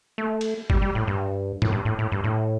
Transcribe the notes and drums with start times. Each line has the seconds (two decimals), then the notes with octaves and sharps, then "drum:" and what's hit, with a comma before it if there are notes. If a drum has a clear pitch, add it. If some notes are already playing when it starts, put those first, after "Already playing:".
0.18 A3
0.41 drum: cymbal
0.70 G3, drum: kick
0.82 G3
0.95 A2
1.07 G2
1.62 A2, drum: tom G#2
1.72 G2
1.85 A2
1.99 A2
2.12 G2
2.24 A2